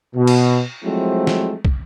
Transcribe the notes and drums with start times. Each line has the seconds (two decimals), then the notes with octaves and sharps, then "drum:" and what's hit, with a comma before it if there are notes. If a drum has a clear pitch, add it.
0.16 B2
0.27 drum: cymbal
0.84 F3 F#3 G#3 A3 C4 E4
1.27 drum: snare
1.65 drum: kick